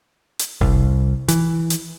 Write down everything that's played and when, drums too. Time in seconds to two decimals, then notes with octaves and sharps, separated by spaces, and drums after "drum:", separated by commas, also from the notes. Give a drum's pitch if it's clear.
0.39 drum: hi-hat
0.61 C2, drum: kick F#1
1.28 E3, drum: hi-hat
1.70 drum: hi-hat